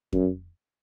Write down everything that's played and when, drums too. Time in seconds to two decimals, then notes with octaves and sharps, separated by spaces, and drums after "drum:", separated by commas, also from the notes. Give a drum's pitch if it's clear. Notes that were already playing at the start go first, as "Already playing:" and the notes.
0.13 F#2, drum: kick F2